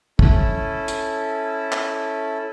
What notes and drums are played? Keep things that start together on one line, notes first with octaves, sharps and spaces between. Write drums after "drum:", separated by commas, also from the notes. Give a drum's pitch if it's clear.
C#4 E4 A4, drum: kick
drum: hi-hat
drum: clap